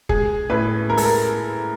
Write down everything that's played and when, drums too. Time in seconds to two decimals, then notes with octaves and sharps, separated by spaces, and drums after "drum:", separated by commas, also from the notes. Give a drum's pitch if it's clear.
0.09 G#3 G#4, drum: kick F#1
0.50 A2 B4
0.90 G#3 A#4
0.97 A4, drum: open hi-hat
1.05 A#4